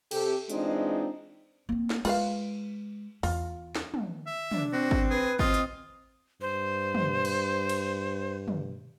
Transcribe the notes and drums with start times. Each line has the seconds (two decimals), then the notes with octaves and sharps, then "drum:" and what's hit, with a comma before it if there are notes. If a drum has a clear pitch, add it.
0.11 C3 G4 A4, drum: cymbal
0.50 E3 G#3 C4 D4 D#4 F4, drum: hi-hat
1.69 A#3 C4
1.90 drum: snare
2.05 G#3 F4 B4 F5, drum: cymbal
3.23 E2 F4, drum: open hi-hat
3.76 drum: snare
3.94 drum: tom
4.27 E5
4.52 D4, drum: tom
4.73 C4 F#4
4.91 drum: kick G#1
5.11 G#4 B4
5.39 C4 F4 D#5, drum: kick G#1
5.54 drum: hi-hat
6.41 G2 C5
6.95 drum: tom
7.25 drum: cymbal
7.69 drum: cymbal
8.48 drum: tom